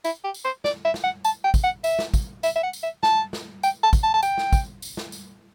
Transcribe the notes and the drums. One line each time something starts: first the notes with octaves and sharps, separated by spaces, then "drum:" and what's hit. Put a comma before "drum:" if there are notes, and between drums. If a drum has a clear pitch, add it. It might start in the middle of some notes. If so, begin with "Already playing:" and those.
E4, drum: tambourine
G4
drum: tambourine
C5
D5, drum: snare
E5
drum: snare
F#5
A5, drum: tambourine
G5
drum: kick, tambourine
F#5
E5, drum: tambourine
drum: snare
drum: kick, tambourine
E5, drum: tambourine
E5
F#5
drum: tambourine
E5
A5, drum: snare
drum: snare
G5, drum: tambourine
A5
drum: kick, tambourine
A5
A5
G5, drum: tambourine
drum: snare
drum: kick, tambourine
drum: tambourine
drum: snare
drum: tambourine